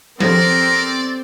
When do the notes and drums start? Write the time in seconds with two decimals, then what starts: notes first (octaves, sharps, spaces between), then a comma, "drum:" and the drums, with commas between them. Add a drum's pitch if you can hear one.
0.20 C4 G4 A4 A#4 C5 D5, drum: tom F3